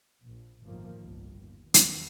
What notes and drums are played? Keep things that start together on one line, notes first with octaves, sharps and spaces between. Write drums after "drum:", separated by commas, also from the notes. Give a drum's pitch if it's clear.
A#1
G1 D2 A2 D#3 F3 A#3
G1 C2
D#2
E2 D#3 B3, drum: hi-hat